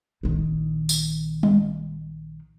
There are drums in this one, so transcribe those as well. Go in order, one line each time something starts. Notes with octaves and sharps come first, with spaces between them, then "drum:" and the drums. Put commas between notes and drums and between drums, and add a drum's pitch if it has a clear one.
A#1 D#3
drum: tambourine
drum: tom G3